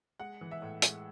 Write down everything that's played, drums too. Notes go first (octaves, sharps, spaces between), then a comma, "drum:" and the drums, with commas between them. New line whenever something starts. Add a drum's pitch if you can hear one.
G#3 F#5
E3
E5
A2
G#3, drum: hi-hat